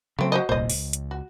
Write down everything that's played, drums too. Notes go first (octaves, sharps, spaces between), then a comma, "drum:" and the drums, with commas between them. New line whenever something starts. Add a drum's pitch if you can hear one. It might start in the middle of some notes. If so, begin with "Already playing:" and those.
C#3 F#3 A3 C4
F#4 C5 D#5
D#1 C2 A#2 C5 D#5
C#2, drum: open hi-hat
drum: hi-hat
F#4